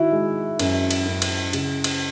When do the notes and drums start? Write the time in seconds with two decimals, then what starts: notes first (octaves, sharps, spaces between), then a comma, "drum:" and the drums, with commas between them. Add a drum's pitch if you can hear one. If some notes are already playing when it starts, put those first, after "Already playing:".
Already playing: D#3 E4 F#4
0.12 G#3
0.59 F#2, drum: cymbal
0.91 drum: cymbal
1.06 F#2
1.22 drum: cymbal
1.53 C#3, drum: cymbal
1.84 drum: cymbal